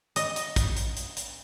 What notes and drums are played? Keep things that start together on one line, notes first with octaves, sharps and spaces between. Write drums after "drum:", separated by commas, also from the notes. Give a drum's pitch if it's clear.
D#5, drum: hi-hat
drum: hi-hat
drum: kick, hi-hat
drum: hi-hat
drum: hi-hat
drum: hi-hat